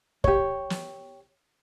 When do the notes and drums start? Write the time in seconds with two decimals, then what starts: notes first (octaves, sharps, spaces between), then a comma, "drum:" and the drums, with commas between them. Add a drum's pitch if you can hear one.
0.24 G4 C#5, drum: kick
0.70 drum: snare